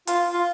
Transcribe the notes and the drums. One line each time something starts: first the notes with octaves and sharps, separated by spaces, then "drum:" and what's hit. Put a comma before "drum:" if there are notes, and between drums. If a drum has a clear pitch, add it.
F4, drum: hi-hat
F4